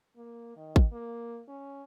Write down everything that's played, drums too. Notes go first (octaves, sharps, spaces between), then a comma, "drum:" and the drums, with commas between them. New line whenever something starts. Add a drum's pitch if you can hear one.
A#3
D#3
drum: kick
A#3
C#4